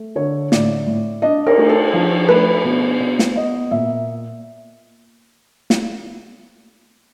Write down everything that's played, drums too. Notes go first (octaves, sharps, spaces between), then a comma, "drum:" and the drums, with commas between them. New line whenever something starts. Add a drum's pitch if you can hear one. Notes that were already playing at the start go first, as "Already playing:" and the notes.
Already playing: A3
D3 C#5
A2 D5, drum: snare
A2
D4 D#5
A#4, drum: cymbal
A3
A4
F3
A3 B4
B2
B2
drum: snare
B3 D#5
A#2 E5
drum: snare